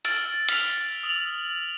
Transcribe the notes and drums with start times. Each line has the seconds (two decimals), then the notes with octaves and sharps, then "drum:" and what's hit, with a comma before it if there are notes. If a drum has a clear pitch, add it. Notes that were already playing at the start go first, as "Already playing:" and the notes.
0.05 E6 F6 A6 D7, drum: hi-hat
0.49 F6 B6 F7, drum: hi-hat
1.03 D#6 E6 F7 F#7